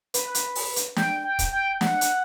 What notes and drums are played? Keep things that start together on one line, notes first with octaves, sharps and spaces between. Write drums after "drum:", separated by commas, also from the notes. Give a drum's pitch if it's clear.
B4, drum: hi-hat
drum: hi-hat
drum: open hi-hat
drum: hi-hat
G5, drum: snare
G5
drum: kick, hi-hat
G5
F#5, drum: snare
drum: hi-hat